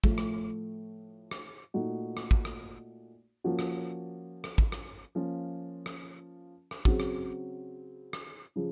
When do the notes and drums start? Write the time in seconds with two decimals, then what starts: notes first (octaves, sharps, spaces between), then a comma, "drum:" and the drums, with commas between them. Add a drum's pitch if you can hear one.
0.04 A2 F3 A3, drum: kick
0.18 drum: rim click
1.31 drum: rim click
1.74 A#2 A3 D#4 F#4
2.17 drum: rim click
2.31 drum: kick
2.45 drum: rim click
3.44 F3 A#3 C#4 F#4
3.59 drum: rim click
4.44 drum: rim click
4.58 drum: kick
4.72 drum: rim click
5.15 F3 A#3 C#4 F4
5.86 drum: rim click
6.71 drum: rim click
6.85 C#3 F#3 C4 F#4, drum: kick
7.00 drum: rim click
8.13 drum: rim click
8.56 C#3 F3